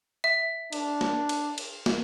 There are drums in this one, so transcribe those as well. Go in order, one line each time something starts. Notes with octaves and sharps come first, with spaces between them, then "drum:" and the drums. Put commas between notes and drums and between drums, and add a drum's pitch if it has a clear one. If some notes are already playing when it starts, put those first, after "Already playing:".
E5
D4, drum: cymbal
drum: snare
drum: cymbal
drum: cymbal
drum: snare